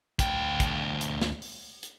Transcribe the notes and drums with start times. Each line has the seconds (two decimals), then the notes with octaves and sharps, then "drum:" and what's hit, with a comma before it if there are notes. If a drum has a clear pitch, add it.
0.19 D2 G5, drum: kick, hi-hat
0.60 drum: kick, hi-hat
1.01 drum: hi-hat
1.21 drum: snare
1.42 drum: open hi-hat
1.83 drum: hi-hat